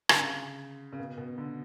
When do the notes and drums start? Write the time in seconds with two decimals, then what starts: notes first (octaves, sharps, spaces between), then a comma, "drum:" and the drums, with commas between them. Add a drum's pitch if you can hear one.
0.09 D3, drum: rim click
0.21 C#3
0.93 C#3
0.99 B2
1.17 B2
1.38 D3